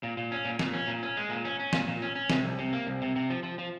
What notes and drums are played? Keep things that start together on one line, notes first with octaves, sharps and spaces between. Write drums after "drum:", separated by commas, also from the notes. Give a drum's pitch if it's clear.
A#2
A#2
C#4
A#2
A#2, drum: snare
C#4
A#2
C#4
G#3
A#2
C#4
C#4
A#2, drum: snare
A#2
C#4
C#4
C3, drum: snare
C2
C3
A#3
C2
C3
C3
F3
F3
F3